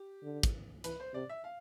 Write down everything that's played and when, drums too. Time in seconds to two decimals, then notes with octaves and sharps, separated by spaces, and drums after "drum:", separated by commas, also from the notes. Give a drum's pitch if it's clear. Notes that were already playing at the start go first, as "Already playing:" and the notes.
Already playing: G4
0.23 D3
0.43 drum: kick, hi-hat
0.84 E3 B4, drum: hi-hat
1.00 C5
1.14 C3 D5
1.29 E5
1.44 F5